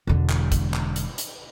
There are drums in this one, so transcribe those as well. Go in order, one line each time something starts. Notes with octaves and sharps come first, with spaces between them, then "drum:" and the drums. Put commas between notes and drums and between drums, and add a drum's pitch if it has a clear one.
E1 D3
drum: clap
drum: kick, hi-hat
drum: clap
drum: hi-hat
drum: hi-hat